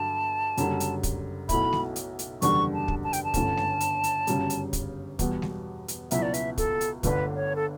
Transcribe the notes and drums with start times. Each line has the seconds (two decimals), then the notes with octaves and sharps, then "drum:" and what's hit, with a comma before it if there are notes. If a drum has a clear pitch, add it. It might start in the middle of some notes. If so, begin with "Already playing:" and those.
Already playing: G2 D3 F#3 A5
0.57 F#1 F#2 D3 G3, drum: hi-hat
0.80 drum: hi-hat
1.03 drum: kick, hi-hat
1.49 B1 B2 A3 E4 B5, drum: kick, hi-hat
1.73 drum: snare G#3
1.96 drum: hi-hat
2.19 drum: hi-hat
2.42 F#1 E2 D3 G3 D4 C#6, drum: hi-hat
2.73 A5
2.88 drum: kick
3.04 A5
3.13 G5, drum: hi-hat
3.24 A5
3.34 G1 G2 D3 A3 C#4, drum: kick, hi-hat
3.57 drum: snare G#3
3.80 drum: hi-hat
4.04 drum: hi-hat
4.27 G1 F#2 C#3 G3, drum: hi-hat
4.50 drum: hi-hat
4.73 drum: kick, hi-hat
5.19 E2 B2 G3 B3, drum: kick, hi-hat
5.42 drum: snare G#3
5.88 drum: hi-hat
6.11 C#2 B2 F#3 B3 E4 E5, drum: hi-hat
6.22 D5
6.34 E5, drum: hi-hat
6.58 A4, drum: kick, hi-hat
6.81 drum: hi-hat
7.03 G1 G2 D3 A3 D4 B4, drum: kick, hi-hat
7.35 C#5
7.56 A4